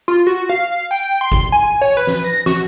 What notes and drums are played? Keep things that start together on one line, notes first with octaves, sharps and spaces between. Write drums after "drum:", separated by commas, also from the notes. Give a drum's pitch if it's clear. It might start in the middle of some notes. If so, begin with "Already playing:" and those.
F4
F#4
F5
G5
C6
drum: kick G1
G#5
C#5
B4
drum: snare
A#6
F#4, drum: snare